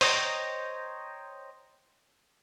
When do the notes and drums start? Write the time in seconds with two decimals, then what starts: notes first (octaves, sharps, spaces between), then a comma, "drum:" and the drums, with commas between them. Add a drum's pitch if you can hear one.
0.01 C5 C#5 D#5 G5 A#5, drum: open hi-hat